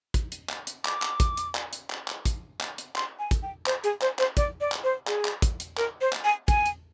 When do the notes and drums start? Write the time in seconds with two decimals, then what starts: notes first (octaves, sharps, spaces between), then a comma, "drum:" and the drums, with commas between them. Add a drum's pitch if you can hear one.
0.14 drum: kick, hi-hat
0.32 drum: hi-hat
0.49 drum: clap
0.67 drum: hi-hat
0.85 D6, drum: clap
1.02 drum: clap
1.20 drum: kick, hi-hat
1.37 drum: hi-hat
1.55 drum: clap
1.73 drum: hi-hat
1.90 drum: clap
2.08 drum: clap
2.25 drum: kick, hi-hat
2.61 drum: clap
2.78 drum: hi-hat
2.96 C6, drum: clap
3.19 G#5
3.31 drum: kick, hi-hat
3.43 G5
3.66 C5, drum: clap
3.84 G#4, drum: hi-hat
4.02 C5, drum: clap
4.19 C5, drum: clap
4.37 D5, drum: kick, hi-hat
4.61 D5
4.72 drum: clap
4.84 C5
5.07 G#4, drum: clap
5.25 drum: clap
5.42 drum: kick, hi-hat
5.60 drum: hi-hat
5.77 A#4, drum: clap
6.01 C5
6.13 drum: clap
6.24 G#5
6.48 G#5, drum: kick, hi-hat
6.66 drum: hi-hat